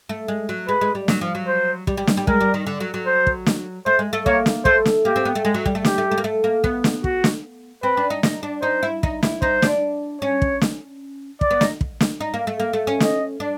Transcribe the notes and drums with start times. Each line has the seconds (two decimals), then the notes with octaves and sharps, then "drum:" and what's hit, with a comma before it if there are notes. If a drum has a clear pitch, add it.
0.09 A3
0.28 G#3
0.49 F#3
0.68 G#3 B4
0.81 G#3
0.95 G3
1.08 F#3, drum: snare
1.21 F3
1.35 F#3
1.47 C5
1.87 G3, drum: kick
1.97 G3
2.07 drum: snare
2.17 G3
2.27 G#3 A#4, drum: kick
2.40 G3
2.54 D#3
2.66 D3
2.80 F#3
2.94 F#3
3.06 C5
3.27 drum: kick
3.46 drum: snare
3.86 A3 C5
3.99 G#3
4.13 A3
4.26 A#3 C#5, drum: kick
4.46 drum: snare
4.65 A3 C5, drum: kick
4.85 drum: snare
5.05 A#3 G4
5.16 C4
5.25 B3
5.35 A3
5.45 G#3
5.54 F#3
5.66 G3, drum: kick
5.75 A3
5.85 G4, drum: snare
5.98 A3
6.11 A3
6.18 A#3
6.24 A3
6.44 A#3
6.64 B3, drum: kick
6.84 drum: snare
7.04 F#4, drum: kick
7.24 drum: snare
7.83 C4 B4
7.97 D4
8.10 D#4
8.23 D#4, drum: snare
8.43 D4
8.62 D#4 C5
8.83 E4
9.03 D#4, drum: kick
9.23 E4, drum: snare
9.42 D#4 C5, drum: kick
9.62 D4, drum: snare
10.21 C#4 C#5
10.42 drum: kick
10.61 drum: snare
11.41 D5, drum: kick
11.51 B3
11.61 D#4, drum: snare
11.81 drum: kick
12.01 drum: snare
12.21 D#4
12.34 A#3
12.47 A3
12.60 A#3
12.73 A3
12.87 C#4
13.00 D#5, drum: snare
13.40 D4